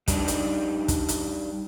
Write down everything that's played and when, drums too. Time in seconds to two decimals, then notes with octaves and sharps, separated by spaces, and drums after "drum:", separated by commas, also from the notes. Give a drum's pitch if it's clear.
0.08 G3 D4 D#4, drum: kick, hi-hat
0.28 drum: hi-hat
0.88 drum: kick, hi-hat
1.08 drum: hi-hat